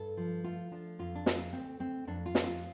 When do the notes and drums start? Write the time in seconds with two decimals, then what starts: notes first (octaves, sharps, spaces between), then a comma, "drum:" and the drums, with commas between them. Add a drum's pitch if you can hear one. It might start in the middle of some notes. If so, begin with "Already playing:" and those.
Already playing: G2 A4
0.17 F3
0.44 A3 F4
0.71 F3 D4
0.99 F2 F4
1.15 D4
1.26 F2 F4, drum: snare
1.53 D2 C4
1.80 D2 C4
2.07 F2 D4
2.26 F4
2.35 F2, drum: snare
2.44 F4